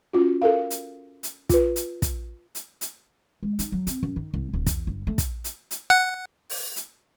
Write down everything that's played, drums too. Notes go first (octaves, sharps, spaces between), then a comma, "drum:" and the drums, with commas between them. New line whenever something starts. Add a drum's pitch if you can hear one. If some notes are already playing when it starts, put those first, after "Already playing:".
C#4 F4 F#4
A4 A#4 F5
drum: hi-hat
drum: hi-hat
F4 B4, drum: kick, hi-hat
drum: hi-hat
drum: kick, hi-hat
drum: hi-hat
drum: hi-hat
G#3
D#4, drum: hi-hat
F#3
C4, drum: hi-hat
F#2
D#3
C2
D1
E2, drum: kick, hi-hat
G1
A3
drum: kick, hi-hat
drum: hi-hat
drum: hi-hat
F#5
drum: open hi-hat
drum: hi-hat